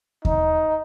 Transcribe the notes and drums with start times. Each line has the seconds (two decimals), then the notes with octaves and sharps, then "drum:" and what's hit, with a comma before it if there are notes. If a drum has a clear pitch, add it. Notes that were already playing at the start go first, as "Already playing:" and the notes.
0.25 D#4, drum: kick D#2